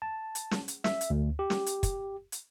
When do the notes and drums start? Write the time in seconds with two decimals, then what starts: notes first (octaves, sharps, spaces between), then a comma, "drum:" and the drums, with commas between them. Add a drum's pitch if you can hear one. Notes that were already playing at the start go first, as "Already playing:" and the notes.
0.02 A5
0.35 drum: hi-hat
0.51 drum: snare
0.68 drum: hi-hat
0.84 E5, drum: snare
1.01 drum: hi-hat
1.10 D2
1.39 G4
1.50 drum: snare
1.66 drum: hi-hat
1.83 drum: kick, hi-hat
2.32 drum: hi-hat